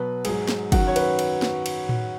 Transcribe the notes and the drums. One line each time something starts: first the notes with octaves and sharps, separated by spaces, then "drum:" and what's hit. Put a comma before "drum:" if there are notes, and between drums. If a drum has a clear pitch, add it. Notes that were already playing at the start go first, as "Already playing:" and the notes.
Already playing: B2 F#3 B4
G#2 F#3 G#4, drum: cymbal
drum: snare
F#2 D#3 F#3 F#4, drum: kick, cymbal
C#5
B4, drum: cymbal
drum: cymbal
drum: snare
drum: cymbal
drum: tom A2